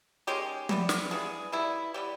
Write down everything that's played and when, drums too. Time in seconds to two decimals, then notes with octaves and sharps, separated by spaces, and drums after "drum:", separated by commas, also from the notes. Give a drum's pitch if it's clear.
0.27 D#3 G#3 C#4 G4
0.69 E3 G3 B3, drum: tom
0.89 drum: snare
1.11 E3 G3 B3 G#4
1.52 E3 G3 B3 E4
1.94 E3 G3 B3 G4